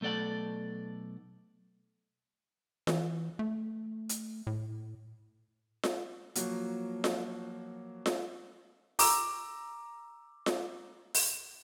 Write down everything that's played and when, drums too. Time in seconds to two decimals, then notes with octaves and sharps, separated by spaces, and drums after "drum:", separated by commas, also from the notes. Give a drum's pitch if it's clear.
0.01 B1 A3 A4 D5 F#5
2.87 E3, drum: snare F4
3.39 A3
4.09 drum: hi-hat
4.47 A2
5.83 drum: snare F4
6.35 F3 F#3 A#3 F#4, drum: hi-hat
7.04 drum: snare F4
8.06 drum: snare F4
8.99 A#5 D6 E6, drum: open hi-hat
10.46 drum: snare F4
11.14 drum: open hi-hat